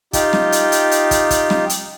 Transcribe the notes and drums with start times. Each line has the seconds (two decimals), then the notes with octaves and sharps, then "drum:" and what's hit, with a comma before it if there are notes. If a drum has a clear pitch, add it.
0.13 D#4 F4 G4, drum: kick, hi-hat
0.33 drum: snare
0.52 drum: hi-hat
0.72 drum: hi-hat
0.91 drum: hi-hat
1.11 drum: kick, hi-hat
1.30 drum: kick, hi-hat
1.50 drum: snare
1.70 drum: hi-hat